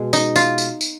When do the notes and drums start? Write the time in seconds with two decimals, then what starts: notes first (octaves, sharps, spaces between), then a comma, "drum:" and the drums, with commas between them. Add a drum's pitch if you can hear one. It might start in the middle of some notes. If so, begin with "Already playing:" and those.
Already playing: B2 G#3
0.13 D#4, drum: tambourine
0.36 F4, drum: tambourine
0.58 drum: tambourine
0.81 drum: tambourine